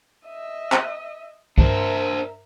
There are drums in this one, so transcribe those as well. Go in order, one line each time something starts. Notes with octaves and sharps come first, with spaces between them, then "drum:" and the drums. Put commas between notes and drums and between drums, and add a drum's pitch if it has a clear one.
D#5 E5
drum: clap
D4 A#4 C5 E5, drum: kick